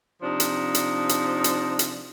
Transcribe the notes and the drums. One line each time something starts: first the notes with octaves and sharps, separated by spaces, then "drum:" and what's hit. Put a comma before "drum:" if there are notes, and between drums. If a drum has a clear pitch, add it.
C3 F3 D4 D#4
drum: hi-hat
drum: hi-hat
drum: hi-hat
drum: hi-hat
drum: hi-hat